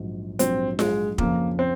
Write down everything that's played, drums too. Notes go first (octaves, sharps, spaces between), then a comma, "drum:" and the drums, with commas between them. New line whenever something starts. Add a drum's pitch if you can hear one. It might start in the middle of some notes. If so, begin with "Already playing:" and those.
Already playing: A#1 G#2 F#3
A#1 G#2 F#3 C4, drum: hi-hat
G#3, drum: snare F4
F2 C#3 F3 A#3, drum: kick
C4